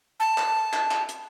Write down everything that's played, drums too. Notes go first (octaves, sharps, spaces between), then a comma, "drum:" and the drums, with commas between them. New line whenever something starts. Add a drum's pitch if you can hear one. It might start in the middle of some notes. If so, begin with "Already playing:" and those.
A5
drum: clap
drum: clap
drum: clap
drum: hi-hat